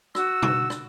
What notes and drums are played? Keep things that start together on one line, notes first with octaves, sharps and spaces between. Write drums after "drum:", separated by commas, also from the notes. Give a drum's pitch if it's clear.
F#4 E6, drum: rim click
drum: tom B2
drum: rim click